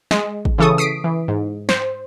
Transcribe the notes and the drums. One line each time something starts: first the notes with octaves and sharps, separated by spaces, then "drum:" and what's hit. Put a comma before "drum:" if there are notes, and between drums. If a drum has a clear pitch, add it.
G#3, drum: snare
drum: kick G#1
C#3 E3 A4 C#6 D#6
D#6 B6 C7 D7
E3
G#2
C5, drum: snare